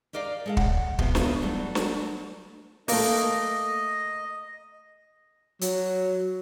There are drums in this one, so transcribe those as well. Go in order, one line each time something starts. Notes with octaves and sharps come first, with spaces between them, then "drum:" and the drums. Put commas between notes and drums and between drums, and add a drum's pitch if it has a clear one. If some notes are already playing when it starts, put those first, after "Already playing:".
G4 A#4 D5 D#5 F5
G#3 A4 F5
C#5 F#5, drum: kick
C3 F3 B3 F4 G4, drum: kick
C#3 E3 F#3 B3 F4, drum: snare
F#3 G3 A3
drum: snare
A3 A#3 D#5, drum: open hi-hat
F#3, drum: hi-hat